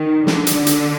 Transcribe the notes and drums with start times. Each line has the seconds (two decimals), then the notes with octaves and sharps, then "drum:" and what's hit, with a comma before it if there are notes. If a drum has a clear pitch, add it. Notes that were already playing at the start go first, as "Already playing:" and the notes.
Already playing: D#3
0.27 D3, drum: snare
0.47 drum: hi-hat
0.67 drum: hi-hat